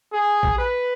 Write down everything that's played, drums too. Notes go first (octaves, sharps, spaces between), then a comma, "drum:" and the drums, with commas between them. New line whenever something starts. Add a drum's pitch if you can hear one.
G#4
drum: kick A#1
B4